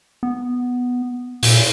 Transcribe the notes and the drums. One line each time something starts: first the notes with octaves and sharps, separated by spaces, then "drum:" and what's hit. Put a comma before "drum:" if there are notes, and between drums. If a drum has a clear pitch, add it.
B3
A#2, drum: open hi-hat